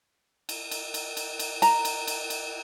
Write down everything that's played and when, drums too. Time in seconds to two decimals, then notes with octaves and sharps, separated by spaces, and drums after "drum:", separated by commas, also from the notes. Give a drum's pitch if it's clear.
0.49 drum: cymbal
0.71 drum: cymbal
0.94 drum: cymbal
1.17 drum: cymbal
1.39 drum: cymbal
1.62 A#5, drum: cymbal
1.85 drum: cymbal
2.07 drum: cymbal
2.30 drum: cymbal